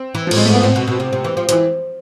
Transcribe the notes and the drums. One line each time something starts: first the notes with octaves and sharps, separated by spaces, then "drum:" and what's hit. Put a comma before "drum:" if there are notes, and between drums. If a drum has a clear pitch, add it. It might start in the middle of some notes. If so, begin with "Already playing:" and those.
Already playing: C4
E3
F3
A2, drum: cymbal
G#3
G#2 A3
B3
A2 C4
B2
B2
C3
C3
E3
F3
E3 F3, drum: hi-hat